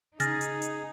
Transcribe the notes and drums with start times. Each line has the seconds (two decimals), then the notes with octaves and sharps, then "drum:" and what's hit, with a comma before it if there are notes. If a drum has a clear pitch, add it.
0.20 C#3 D#4 G#4 F6 A6 A#6, drum: hi-hat
0.41 drum: hi-hat
0.62 drum: hi-hat